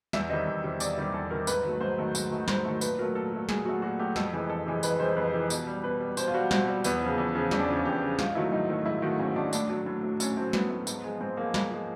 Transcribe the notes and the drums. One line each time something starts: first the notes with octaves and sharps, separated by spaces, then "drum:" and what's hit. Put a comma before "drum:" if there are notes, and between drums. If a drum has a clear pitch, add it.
E2 E5, drum: snare
C3 D#3 G3 D#5
E2
C3 D#3 G3
E2 D5, drum: tambourine
C3 D#3 G3
E2 A4
C3 D#3 G3 A#4
G#2 B4, drum: tambourine
D#3 F#3 A3
G#2 C5
D#3 F#3 A3
G#2, drum: tambourine
D#3 F#3 A3
G#2 C5, drum: snare
D#3 F#3 A3
A#2 B4, drum: tambourine
F#3 A3 A#4
A#2 A4
F#3 A3
A#2 G#4, drum: snare
F#3 A3 F#4
A#2 F#4
F#3 A3 G4
F2 A4, drum: snare
C3 E3 G#3
F2 A4
C3 E3 G#3
F2 B4, drum: tambourine
C3 E3 G#3 C5
F2 B4
C3 E3 G#3
B2, drum: tambourine
G3
B2 B4
G3
B2 C5, drum: tambourine
F4
G3 F#4
B2 C4, drum: snare
G3
E2 B3, drum: tambourine
C#3 F3
E2
C#3 F3
E2 C#4, drum: snare
D4
C#3 F3
C#4
E2 G4
C#3 F3
G#2 F4, drum: snare
D#3 F#3 A3 E4
G#2 D#4
D#3 F#3 A3
G#2 E4
D#3 F#3 A3 F#4
G#2 C#4
D#3 F#3 A3 D4
A2 D4, drum: tambourine
F#3 A3 D4
A2
F#3 A3
A2 C#4, drum: tambourine
F#3 A3 C4
A2 B3, drum: snare
F#3 A3
G#2, drum: tambourine
F3 G#3
G#2 C4
F3 G#3 A#3
G#2, drum: snare
F3 G#3